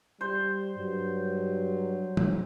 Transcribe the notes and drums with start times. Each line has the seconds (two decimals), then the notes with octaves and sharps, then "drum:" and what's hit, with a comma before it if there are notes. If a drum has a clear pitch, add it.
0.21 G3 C5
0.77 G2 F#3
2.17 drum: tom F#3